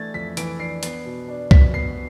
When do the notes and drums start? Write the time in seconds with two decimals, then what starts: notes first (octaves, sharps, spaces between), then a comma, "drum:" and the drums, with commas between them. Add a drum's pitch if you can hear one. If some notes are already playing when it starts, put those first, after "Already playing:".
Already playing: E3 A3 D4 G#6 A6
0.14 F2 B6
0.37 E3 D7, drum: hi-hat
0.59 D4 C7
0.83 B3, drum: hi-hat
1.05 B2
1.28 D4
1.51 B2 B6, drum: kick C2
1.74 B3 C7